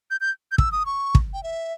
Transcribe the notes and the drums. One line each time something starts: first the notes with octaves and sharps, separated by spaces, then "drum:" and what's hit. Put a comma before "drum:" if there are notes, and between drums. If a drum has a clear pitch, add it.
G6
G6
G6
E6, drum: kick
D#6
C#6
drum: kick
G5
E5